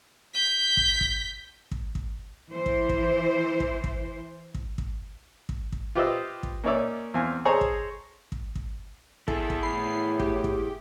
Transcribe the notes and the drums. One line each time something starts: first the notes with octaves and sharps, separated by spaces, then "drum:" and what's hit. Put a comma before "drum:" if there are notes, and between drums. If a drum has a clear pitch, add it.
G6 B6
drum: kick
drum: kick
drum: kick
drum: kick
E3 C5
drum: kick
drum: kick
drum: kick
drum: kick
drum: kick
drum: kick
drum: kick
drum: kick
F4 G4 B4 C5 D#5 E5
drum: kick
A#3 C#4 D#4 C#5 D5 E5
E2 C4 F5 G#5
G#4 A4 C5 C#5 D#5 A#5
drum: kick
drum: kick
drum: kick
E4 G#4 A4, drum: kick
drum: kick
A2 B5 C7
G4, drum: kick
drum: kick